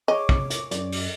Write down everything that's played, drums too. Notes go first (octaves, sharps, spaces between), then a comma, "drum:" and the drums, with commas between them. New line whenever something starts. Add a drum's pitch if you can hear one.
G#4 C#5 D#5 D6
drum: kick
drum: hi-hat
F#2 D5, drum: hi-hat
drum: open hi-hat